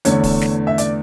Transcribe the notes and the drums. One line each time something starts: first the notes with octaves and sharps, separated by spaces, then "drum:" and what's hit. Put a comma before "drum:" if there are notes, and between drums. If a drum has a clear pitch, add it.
E2 D3 A3 C#5, drum: hi-hat
drum: kick D1, open hi-hat
drum: snare
E5
D5, drum: hi-hat